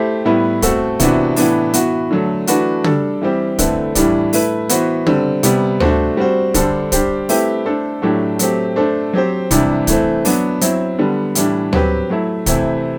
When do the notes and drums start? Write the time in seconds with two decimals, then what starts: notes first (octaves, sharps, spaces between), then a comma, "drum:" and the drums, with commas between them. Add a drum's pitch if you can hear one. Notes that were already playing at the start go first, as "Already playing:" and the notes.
Already playing: A3 E4 G4 C5
0.25 A2 G3 B3 E4 B4
0.62 A3 C4 F#4 A4, drum: kick, hi-hat
1.00 C3 E3 B3 D4 F#4, drum: kick, hi-hat
1.36 A2 E3 B3 D4, drum: open hi-hat
1.74 E3 B3 F#4, drum: hi-hat
2.11 D3 F#3 A3
2.47 E3 A3 D4 F#4 B4, drum: hi-hat
2.84 G3 D4 A4, drum: tom
3.22 E3 G3 C4 G4
3.59 D3 A3 C4 E4 B4, drum: kick, hi-hat
3.95 A2 E3 G3 D4, drum: kick, hi-hat
4.33 A3 E4 B4, drum: open hi-hat
4.69 E3 B3 F#4 C5, drum: hi-hat
5.07 D3 G3 C4, drum: tom
5.43 C3 G3 B3, drum: hi-hat
5.80 A3 D4 F#4 C5, drum: tom D2
6.17 G3 C4 F#4 C5
6.54 D3 G3 D4 A4 C5, drum: kick, hi-hat
6.92 G3 D4 G4 C5, drum: kick, hi-hat
7.29 A3 C4 E4 G4 B4, drum: open hi-hat
7.65 A3 D4 A4 C5
8.02 A2 F#3 A3 D4 G4
8.39 F#3 A3 C4 G4, drum: hi-hat
8.76 A3 D4 A4 C5
9.13 F#3 C4 G4 C5
9.51 C3 E3 G3 D4, drum: kick, hi-hat
9.87 E3 A3 C4, drum: kick, hi-hat
10.25 F#3 B3 D4, drum: open hi-hat
10.61 F#3 C4 E4, drum: hi-hat
10.99 D3 G3 B3
11.35 A2 E3 G3 D4, drum: hi-hat
11.73 F#3 C4 G4 B4, drum: tom D2
12.10 F#3 A3 E4
12.46 C3 E3 A3 C4 E4, drum: kick, hi-hat